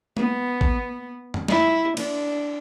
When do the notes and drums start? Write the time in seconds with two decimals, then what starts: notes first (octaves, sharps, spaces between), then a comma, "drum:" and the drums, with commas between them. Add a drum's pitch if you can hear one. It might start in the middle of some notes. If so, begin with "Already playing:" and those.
0.17 B3, drum: tom G#3
0.61 drum: kick A1
1.34 drum: tom F2
1.48 E4, drum: snare
1.97 D4, drum: cymbal